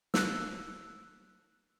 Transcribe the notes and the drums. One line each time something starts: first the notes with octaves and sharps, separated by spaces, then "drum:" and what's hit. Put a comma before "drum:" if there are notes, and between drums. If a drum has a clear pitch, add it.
E6 F#6, drum: snare